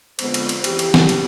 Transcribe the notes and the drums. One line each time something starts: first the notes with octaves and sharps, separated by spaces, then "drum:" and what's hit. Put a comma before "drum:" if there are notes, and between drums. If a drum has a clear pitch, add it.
F2 D3 F3 G#3 B3 C5, drum: cymbal
drum: cymbal
drum: cymbal
F2 C#3 E3 G4, drum: cymbal
drum: cymbal
drum: snare
drum: cymbal